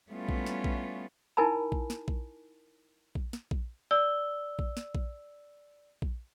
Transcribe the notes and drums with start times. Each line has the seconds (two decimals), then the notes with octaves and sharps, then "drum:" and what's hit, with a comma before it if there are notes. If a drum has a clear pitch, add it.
0.11 G3 A3 B3 C#4 E4 F4
0.29 drum: kick A#1
0.46 drum: snare
0.64 drum: kick A#1
1.37 D#4 E4 A#4 G#5 A5 B5
1.72 drum: kick A#1
1.90 drum: snare
2.08 drum: kick A#1
3.15 drum: kick A#1
3.33 drum: snare
3.51 drum: kick A#1
3.91 D5 E6 G7
4.59 drum: kick A#1
4.77 drum: snare
4.95 drum: kick A#1
6.02 drum: kick A#1